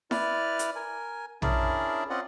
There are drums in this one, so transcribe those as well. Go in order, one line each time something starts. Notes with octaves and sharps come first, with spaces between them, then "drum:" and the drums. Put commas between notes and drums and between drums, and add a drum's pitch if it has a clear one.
E4 B4 D5 F6, drum: snare E4
drum: hi-hat
A#4 G#5
C#4 D4 E4 G#4 A#4 D5, drum: tom A#1
C4 C#4 F4 D5 D#5 F#5